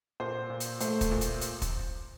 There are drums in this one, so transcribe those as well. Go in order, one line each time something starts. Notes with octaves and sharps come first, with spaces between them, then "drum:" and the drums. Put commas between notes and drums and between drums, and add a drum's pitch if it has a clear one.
A#2 C5
A#2
drum: hi-hat
A3 C5, drum: hi-hat
drum: kick, hi-hat
A#2
drum: hi-hat
drum: hi-hat
drum: kick, hi-hat